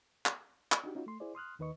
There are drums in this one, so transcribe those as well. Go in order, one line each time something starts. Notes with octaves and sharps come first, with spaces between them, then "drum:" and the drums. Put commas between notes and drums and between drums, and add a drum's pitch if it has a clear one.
drum: clap
drum: clap
D4 D#4 F#4 G4
C#4 D#4 F4 F#4
A3 C6
E4 G#4 C5 D5
C6 D#6 F6 F#6
D#2 D#3 B4 D#5 C#6